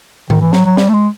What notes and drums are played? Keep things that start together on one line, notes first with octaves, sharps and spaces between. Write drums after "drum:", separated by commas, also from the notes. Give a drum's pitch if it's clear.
D#3, drum: tom G#2
E3
F#3, drum: snare
F#3
G3, drum: snare
A3
G#3